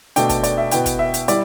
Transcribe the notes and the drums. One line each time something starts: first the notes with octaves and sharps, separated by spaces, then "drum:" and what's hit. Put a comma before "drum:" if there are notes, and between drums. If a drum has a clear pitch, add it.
B2 A3 D4 G5, drum: hi-hat
A5, drum: kick, hi-hat
D5, drum: hi-hat
E5
B2 B3 E4 G5, drum: hi-hat
drum: kick, hi-hat
E5
drum: hi-hat
G3 E4 D5, drum: hi-hat